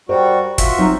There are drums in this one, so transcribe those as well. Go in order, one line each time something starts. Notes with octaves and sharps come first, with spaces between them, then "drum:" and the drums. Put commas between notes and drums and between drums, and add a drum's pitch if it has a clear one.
G3 F#4 A#4 C5 D#5
F4 F#4 E5, drum: kick, hi-hat
F#3 C4 D#4